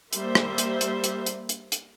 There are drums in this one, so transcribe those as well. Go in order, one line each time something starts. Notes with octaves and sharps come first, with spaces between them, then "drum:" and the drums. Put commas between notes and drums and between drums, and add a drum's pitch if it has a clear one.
G3 A#3 C5 E5, drum: hi-hat
drum: rim click
drum: hi-hat
drum: hi-hat
drum: hi-hat
drum: hi-hat
drum: hi-hat
drum: hi-hat